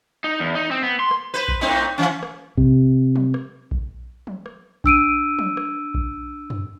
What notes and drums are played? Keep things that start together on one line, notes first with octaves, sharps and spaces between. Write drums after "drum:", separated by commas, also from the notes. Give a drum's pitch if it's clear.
D#4
E2
D#4
C4
B3
C6
drum: rim click
B4 C5
drum: kick A#1
A2 C4 D#4
E3 C#4
drum: rim click
C3, drum: kick A#1
drum: tom
drum: rim click
drum: kick A#1
drum: tom
drum: rim click
D4 E6 D7 D#7, drum: kick A#1
drum: tom
drum: rim click
drum: kick A#1
drum: tom